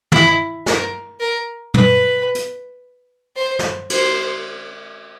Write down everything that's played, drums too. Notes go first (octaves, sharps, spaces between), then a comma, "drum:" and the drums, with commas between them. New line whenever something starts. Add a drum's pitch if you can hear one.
E4, drum: tom
A#4, drum: snare
A#4
B4, drum: tom
drum: hi-hat
C5
drum: snare
C5, drum: cymbal